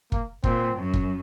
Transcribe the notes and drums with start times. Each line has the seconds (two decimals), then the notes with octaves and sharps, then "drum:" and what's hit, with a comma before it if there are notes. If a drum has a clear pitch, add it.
0.12 A#3, drum: kick
0.44 A#2 C4, drum: kick
0.77 F#2
0.94 drum: kick